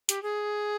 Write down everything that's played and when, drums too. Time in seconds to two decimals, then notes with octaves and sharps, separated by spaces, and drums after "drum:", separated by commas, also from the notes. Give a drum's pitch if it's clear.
0.09 G4, drum: hi-hat
0.23 G#4